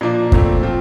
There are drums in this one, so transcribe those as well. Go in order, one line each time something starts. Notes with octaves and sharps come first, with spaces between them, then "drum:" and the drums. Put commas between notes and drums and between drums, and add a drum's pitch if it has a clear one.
A#2 F3 A#3 D4
A#2 A3 C4, drum: kick
F3 C4 F4